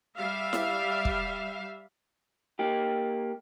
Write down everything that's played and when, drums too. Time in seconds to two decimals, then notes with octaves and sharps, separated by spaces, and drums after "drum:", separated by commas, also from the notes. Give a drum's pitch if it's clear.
0.16 G3 E5 F5
0.53 drum: snare E4
1.05 drum: kick
2.59 A#3 G4